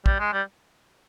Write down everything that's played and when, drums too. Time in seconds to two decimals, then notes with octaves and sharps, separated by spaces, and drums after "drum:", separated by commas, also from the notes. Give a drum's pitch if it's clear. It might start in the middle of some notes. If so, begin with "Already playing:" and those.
0.06 G3, drum: kick
0.19 G#3
0.33 G3